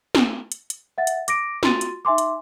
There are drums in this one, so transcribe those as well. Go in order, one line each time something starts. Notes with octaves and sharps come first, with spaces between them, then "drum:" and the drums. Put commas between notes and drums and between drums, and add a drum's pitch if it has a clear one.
drum: snare
drum: hi-hat
drum: hi-hat
E5 F#5 A6
drum: hi-hat
D6 A#6 D7, drum: hi-hat
F4 F#4 C6 A6 D#7, drum: snare
drum: hi-hat
D#4 E5 G#5 C6 D6
drum: hi-hat